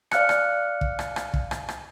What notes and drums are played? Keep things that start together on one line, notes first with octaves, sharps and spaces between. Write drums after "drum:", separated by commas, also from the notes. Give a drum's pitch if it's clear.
D5 F5 F6 F#6 C#7, drum: rim click
drum: rim click
drum: kick
drum: rim click
drum: rim click
drum: kick
drum: rim click
drum: rim click